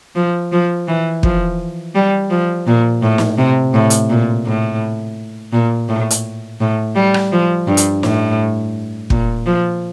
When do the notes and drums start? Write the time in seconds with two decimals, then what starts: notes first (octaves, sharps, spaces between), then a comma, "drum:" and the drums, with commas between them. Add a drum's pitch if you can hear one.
0.15 F3
0.52 F3
0.88 E3
1.23 F3, drum: kick
1.95 G3
2.30 F3
2.67 A#2
3.02 A2
3.18 drum: snare
3.38 C3
3.74 A2
3.90 drum: hi-hat
4.09 A#2
4.46 A2
5.53 A#2
5.89 A2
6.11 drum: hi-hat
6.60 A2
6.95 G3
7.14 drum: rim click
7.32 F3
7.67 G2
7.77 drum: hi-hat
8.03 A2, drum: snare
9.10 A#2, drum: kick
9.46 F3